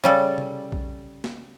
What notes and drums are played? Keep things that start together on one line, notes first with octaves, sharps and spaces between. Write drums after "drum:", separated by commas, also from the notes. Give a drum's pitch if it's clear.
C#3 G3 A4
drum: tom C3
drum: kick B1
drum: snare A#3